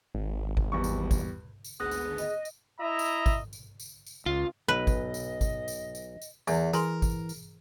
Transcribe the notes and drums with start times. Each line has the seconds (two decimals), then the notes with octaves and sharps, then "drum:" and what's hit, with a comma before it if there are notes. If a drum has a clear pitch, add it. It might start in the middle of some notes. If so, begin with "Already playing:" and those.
0.15 G#1
0.57 drum: kick
0.72 E2 G3 C#6
0.84 drum: tambourine
1.11 drum: kick, tambourine
1.64 drum: tambourine
1.80 G#1 D2 B3 G#4 D#6 F#6 A#6
1.91 drum: tambourine
2.18 D#5, drum: tambourine
2.45 drum: tambourine
2.80 E4 D#5 E5 A#5
2.99 drum: tambourine
3.26 drum: kick, tambourine
3.53 drum: tambourine
3.80 drum: tambourine
4.06 drum: tambourine
4.26 C#2 F4
4.68 B1 B4 D#5
4.87 drum: kick, tambourine
5.14 drum: tambourine
5.41 drum: kick, tambourine
5.68 drum: tambourine
5.95 drum: tambourine
6.22 drum: tambourine
6.48 E2 E3 G#5, drum: tambourine
6.73 E3 G#4 A#4 G#5 C6, drum: tambourine
7.02 drum: kick, tambourine
7.29 drum: tambourine